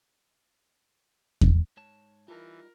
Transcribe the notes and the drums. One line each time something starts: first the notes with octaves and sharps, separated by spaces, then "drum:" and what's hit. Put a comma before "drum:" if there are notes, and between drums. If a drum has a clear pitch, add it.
drum: kick E2
G#2 C#5 A5
E3 G3 D#4 F4 A#4